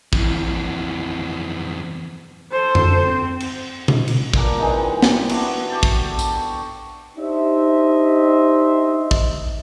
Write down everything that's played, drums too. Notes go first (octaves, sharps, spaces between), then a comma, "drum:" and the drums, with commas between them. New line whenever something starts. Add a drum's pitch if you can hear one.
F2 E3, drum: kick
A4 C5
drum: tom F2
C4
drum: cymbal
drum: tom B2
drum: cymbal
G2 A#2 F#5 A#5, drum: kick
C3 E3 G#3 D#4
drum: snare
B3 D4 E4 F#4, drum: cymbal
G4 A4
drum: kick
drum: tambourine
C#6
D4 D#4 G4 C5 D#5 E5
drum: kick